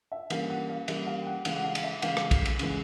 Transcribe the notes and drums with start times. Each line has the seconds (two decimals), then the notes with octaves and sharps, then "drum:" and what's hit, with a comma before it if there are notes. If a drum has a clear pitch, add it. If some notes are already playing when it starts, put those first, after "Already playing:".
0.12 E5
0.30 E3 G3 A#3 C#4 F5, drum: cymbal
0.50 F#5
0.69 F5
0.88 E3 G3 A#3 C#4 E5, drum: cymbal
1.07 F5
1.22 G5
1.27 F#5
1.45 C#3 E3 G#3 F5, drum: cymbal
1.56 F#5
1.64 F5
1.75 F5, drum: cymbal
1.84 E5
2.02 C#3 E3 G#3 F5, drum: cymbal
2.17 drum: rim click
2.31 drum: kick, cymbal
2.45 drum: cymbal
2.59 C#3 E3 G#3, drum: cymbal